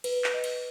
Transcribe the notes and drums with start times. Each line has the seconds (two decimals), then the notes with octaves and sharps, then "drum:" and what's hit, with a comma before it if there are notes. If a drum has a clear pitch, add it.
0.04 B4, drum: cymbal
0.24 drum: clap
0.34 D#5
0.44 drum: cymbal